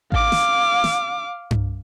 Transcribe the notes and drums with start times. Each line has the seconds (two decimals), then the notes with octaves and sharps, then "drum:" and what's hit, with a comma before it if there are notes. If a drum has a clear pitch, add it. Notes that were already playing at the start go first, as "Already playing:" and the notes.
0.12 F5 D6, drum: kick A1
0.32 drum: snare
0.84 drum: snare
1.51 drum: tom G2